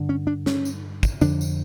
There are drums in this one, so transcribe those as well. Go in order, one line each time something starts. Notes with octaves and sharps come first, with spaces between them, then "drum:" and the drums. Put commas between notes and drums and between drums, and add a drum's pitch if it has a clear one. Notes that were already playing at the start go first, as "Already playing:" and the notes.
Already playing: G2 D3
C#4
D4
C#4, drum: snare
drum: tambourine
drum: kick, tambourine
F2 D3 D4, drum: tambourine
drum: tambourine